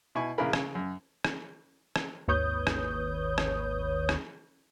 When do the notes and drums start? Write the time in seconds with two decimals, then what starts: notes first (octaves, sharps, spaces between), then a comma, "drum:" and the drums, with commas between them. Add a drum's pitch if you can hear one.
0.15 B2 E4 G#5 C#6
0.38 A#1 C#3 E4 A#4 B5
0.53 C#3, drum: rim click
0.75 F#2
1.24 drum: rim click
1.96 drum: rim click
2.28 G#1 D#2 B4 C#5 D#6 G6
2.67 drum: rim click
3.38 drum: rim click
4.09 drum: rim click